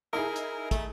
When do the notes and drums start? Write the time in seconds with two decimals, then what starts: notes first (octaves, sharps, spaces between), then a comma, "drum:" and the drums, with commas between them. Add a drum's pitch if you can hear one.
0.13 D#4 E4 G#4 A#4
0.36 drum: hi-hat
0.71 A3, drum: kick, hi-hat